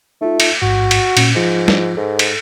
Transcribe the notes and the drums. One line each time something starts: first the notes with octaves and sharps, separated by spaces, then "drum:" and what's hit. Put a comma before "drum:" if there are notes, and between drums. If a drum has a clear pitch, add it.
A3 D#4 F4
drum: cymbal
A1 G#2 F#4
drum: cymbal
A#2 C#4, drum: cymbal
G#2 F3 F4 C#7
drum: snare
G#2 A4
drum: cymbal